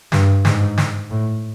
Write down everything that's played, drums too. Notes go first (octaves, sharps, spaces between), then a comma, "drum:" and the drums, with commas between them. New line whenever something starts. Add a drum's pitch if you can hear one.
G2, drum: snare
G#2, drum: snare
drum: snare
A2